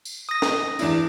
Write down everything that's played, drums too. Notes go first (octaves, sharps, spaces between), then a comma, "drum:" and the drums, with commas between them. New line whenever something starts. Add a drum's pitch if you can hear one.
drum: tambourine
D#6 A#6
drum: snare
E2 D4 E4, drum: tambourine